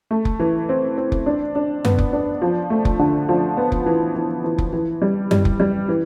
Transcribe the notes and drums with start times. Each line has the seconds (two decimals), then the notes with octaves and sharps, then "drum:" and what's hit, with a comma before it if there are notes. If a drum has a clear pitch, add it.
0.11 A3
0.25 drum: kick F1
0.40 E3
0.69 C4
0.98 C4
1.12 drum: kick F1
1.26 D4
1.55 D4
1.85 B3, drum: tom F#2
1.98 drum: kick F1
2.13 D4
2.42 F3
2.70 A3
2.85 drum: kick F1
2.99 D3
3.29 F3
3.57 B3
3.72 drum: kick F1
3.86 E3
4.16 E3
4.44 E3
4.58 drum: kick F1
4.73 E3
5.02 G3
5.31 G3, drum: tom F#2
5.45 drum: kick F1
5.60 G3
5.89 E3